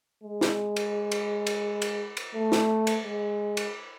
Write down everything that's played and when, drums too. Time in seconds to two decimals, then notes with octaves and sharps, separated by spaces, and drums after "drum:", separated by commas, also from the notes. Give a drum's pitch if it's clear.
0.23 G#3
0.41 drum: snare
0.76 drum: cymbal
1.12 drum: cymbal
1.47 drum: cymbal
1.82 drum: cymbal
2.17 drum: cymbal
2.34 A3
2.52 drum: snare
2.87 drum: cymbal
3.05 G#3
3.57 drum: cymbal